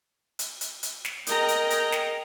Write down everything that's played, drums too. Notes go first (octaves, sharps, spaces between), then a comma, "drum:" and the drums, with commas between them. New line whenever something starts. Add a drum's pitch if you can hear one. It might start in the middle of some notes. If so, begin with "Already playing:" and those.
drum: hi-hat
drum: hi-hat
drum: hi-hat
drum: snare
G#4 A#4 D#5 G5 A#5, drum: hi-hat
drum: hi-hat
drum: hi-hat
drum: snare